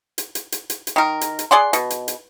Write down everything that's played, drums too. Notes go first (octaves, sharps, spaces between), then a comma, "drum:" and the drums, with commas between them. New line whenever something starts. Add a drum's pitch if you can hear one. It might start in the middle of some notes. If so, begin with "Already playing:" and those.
drum: hi-hat
drum: hi-hat
drum: hi-hat
drum: hi-hat
drum: hi-hat
D#3 A#4
drum: hi-hat
drum: hi-hat
G#4 D5 F#5 C6
B2, drum: hi-hat
drum: hi-hat
drum: hi-hat